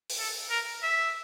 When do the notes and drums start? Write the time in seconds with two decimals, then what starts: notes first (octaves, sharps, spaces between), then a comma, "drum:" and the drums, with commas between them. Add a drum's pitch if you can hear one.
0.10 drum: open hi-hat
0.19 A4
0.50 A#4
0.82 E5